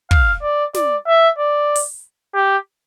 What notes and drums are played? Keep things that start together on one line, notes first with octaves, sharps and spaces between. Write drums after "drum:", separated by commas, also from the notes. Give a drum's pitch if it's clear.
F5, drum: kick
D5
D5, drum: snare
E5
D5
drum: open hi-hat
G4